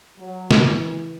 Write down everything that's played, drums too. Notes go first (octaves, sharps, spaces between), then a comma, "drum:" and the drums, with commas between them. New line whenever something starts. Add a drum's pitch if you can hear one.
F#3
E3, drum: snare